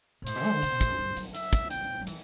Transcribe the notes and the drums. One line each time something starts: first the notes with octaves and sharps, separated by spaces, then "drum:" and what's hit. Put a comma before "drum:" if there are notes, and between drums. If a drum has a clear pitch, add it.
B2
A2 C5, drum: hi-hat
B2
A3, drum: hi-hat
D3
C3, drum: hi-hat
B2
A2, drum: kick, hi-hat
F#2
G2
F#3, drum: hi-hat
E5, drum: hi-hat
drum: kick, hi-hat
G5, drum: hi-hat
F#3
E3, drum: hi-hat